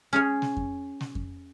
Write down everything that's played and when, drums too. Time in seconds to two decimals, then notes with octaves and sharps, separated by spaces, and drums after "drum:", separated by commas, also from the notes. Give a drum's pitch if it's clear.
0.13 C#4 G#4 C#5
0.42 drum: snare
0.57 drum: kick F2
1.01 drum: snare
1.15 drum: kick F2